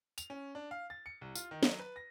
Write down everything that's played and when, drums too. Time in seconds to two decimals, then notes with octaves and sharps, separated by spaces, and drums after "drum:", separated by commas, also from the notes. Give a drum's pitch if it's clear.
0.18 F7, drum: tambourine
0.30 C#4
0.55 D4
0.71 F5
0.90 A6
1.06 C#7
1.21 C2
1.35 F4, drum: tambourine
1.51 D#3
1.63 F#3, drum: snare
1.79 B4
1.96 A#6